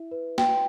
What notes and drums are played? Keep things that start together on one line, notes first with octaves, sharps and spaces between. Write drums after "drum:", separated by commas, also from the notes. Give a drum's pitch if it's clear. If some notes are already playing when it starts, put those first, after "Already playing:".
Already playing: E4 E5
B4
G5, drum: snare